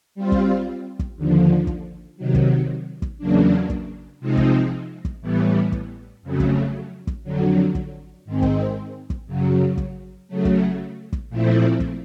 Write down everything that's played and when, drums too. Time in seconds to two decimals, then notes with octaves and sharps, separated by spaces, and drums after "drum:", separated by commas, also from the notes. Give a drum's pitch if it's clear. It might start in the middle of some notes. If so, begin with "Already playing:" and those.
0.15 G3 C4 F4
0.32 drum: kick
0.99 drum: kick
1.16 D#2 D3 F3
1.67 drum: kick
2.17 C3 D#3 F#3
2.34 drum: kick
3.02 drum: kick
3.18 E2 C#3 F#3 A#3 D4
3.70 drum: kick
4.20 C3 F3 G#3 C4 D#4
4.37 drum: kick
5.05 drum: kick
5.21 A2 E3 G3 B3
5.72 drum: kick
6.23 F2 C#3 F#3 A3
6.40 drum: kick
7.07 drum: kick
7.24 F2 D3 F#3
7.75 drum: kick
8.25 G#2 D#3 G#3 C4
8.42 drum: kick
9.10 drum: kick
9.27 F#2 C#3 F#3
9.77 drum: kick
10.28 C#3 F#3 A3
10.45 drum: kick
11.13 drum: kick
11.30 A#2 F3 A3 C4 E4
11.80 drum: kick